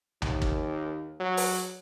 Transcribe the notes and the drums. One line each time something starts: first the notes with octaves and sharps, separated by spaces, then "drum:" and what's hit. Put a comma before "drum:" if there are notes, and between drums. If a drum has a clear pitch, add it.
D#2, drum: tom B1
drum: kick
F#3
drum: open hi-hat